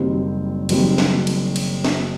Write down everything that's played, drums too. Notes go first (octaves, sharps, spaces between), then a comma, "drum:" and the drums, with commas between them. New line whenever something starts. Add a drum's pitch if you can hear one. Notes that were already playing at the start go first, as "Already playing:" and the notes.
Already playing: F#1 F#2 D#3 G3 C4
F#1 F#2 D#3 G3 C4, drum: cymbal
drum: snare
drum: cymbal
drum: cymbal
drum: snare